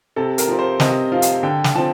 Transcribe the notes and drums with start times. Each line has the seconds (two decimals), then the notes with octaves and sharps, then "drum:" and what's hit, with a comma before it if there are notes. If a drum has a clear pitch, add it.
0.16 C3 A4
0.38 A#4, drum: hi-hat
0.48 F3 C4
0.59 C5
0.80 C3 D#5, drum: snare
1.12 F3 C4 F5
1.22 drum: hi-hat
1.43 D3 G5
1.64 drum: snare
1.75 F3 C4 A5